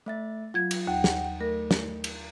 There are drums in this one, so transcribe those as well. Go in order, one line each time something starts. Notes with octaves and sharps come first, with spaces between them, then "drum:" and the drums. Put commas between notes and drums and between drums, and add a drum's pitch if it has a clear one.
A3 E5 A6
F#3 F4 G#6
drum: cymbal
D#2 F#5 G5
drum: snare
A3 A#4
drum: snare
drum: cymbal